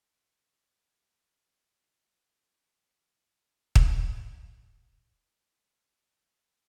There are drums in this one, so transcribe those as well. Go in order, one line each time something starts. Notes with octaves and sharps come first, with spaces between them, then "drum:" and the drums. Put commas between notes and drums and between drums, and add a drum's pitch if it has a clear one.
E3
B5
B3
G5
G4
D#5
C6
F#6
C5 C6
E3 G3 A3 C#4
D#2
C2 F4 D6 E6 F6
drum: kick
D#4 F4 B4
C#5 D5 F5